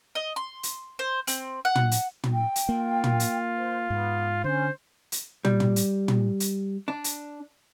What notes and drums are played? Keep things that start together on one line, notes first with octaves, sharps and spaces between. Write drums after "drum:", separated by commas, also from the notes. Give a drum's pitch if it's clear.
D#5
C6
drum: hi-hat
C5
C4, drum: hi-hat
F#5
drum: tom
drum: hi-hat
drum: tom
G5
drum: hi-hat
A#3 F4
drum: tom
drum: hi-hat
C5
G#2 B3
D3 C#4 C5
drum: hi-hat
G3, drum: tom
drum: tom
drum: hi-hat
drum: tom
drum: hi-hat
D4
drum: hi-hat